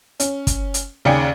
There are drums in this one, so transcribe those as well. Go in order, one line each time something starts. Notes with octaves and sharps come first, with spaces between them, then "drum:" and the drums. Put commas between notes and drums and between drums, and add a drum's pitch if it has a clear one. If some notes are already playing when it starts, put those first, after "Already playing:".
C#4, drum: hi-hat
drum: kick, hi-hat
drum: hi-hat
D#2 C#3 D5 G5 G#5 C#7